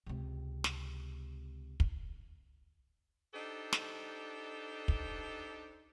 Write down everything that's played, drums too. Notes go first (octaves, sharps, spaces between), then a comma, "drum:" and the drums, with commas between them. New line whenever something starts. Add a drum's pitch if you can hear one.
C#2 C3
drum: snare
drum: kick
D4 D#4 G4 A4 C5
drum: snare
drum: kick